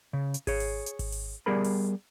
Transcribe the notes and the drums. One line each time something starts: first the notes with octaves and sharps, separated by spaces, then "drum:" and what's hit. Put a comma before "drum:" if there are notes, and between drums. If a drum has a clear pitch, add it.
C#3
drum: hi-hat
G#4 C#5, drum: kick G#1, open hi-hat
drum: open hi-hat
drum: hi-hat
drum: kick G#1, open hi-hat
drum: open hi-hat
G3 B3 G#4 A#4 B5
drum: open hi-hat